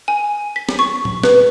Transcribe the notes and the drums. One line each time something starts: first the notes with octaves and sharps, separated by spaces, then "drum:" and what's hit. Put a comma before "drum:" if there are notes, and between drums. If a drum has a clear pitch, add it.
G#5
B6
drum: snare
C#6
drum: tom
B4, drum: snare